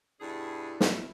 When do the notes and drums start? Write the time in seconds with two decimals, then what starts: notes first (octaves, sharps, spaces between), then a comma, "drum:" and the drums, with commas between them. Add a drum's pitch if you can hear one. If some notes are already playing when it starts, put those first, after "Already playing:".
0.21 G2 B2 D4 E4 G#4 A4
0.81 B3 F4 E5, drum: snare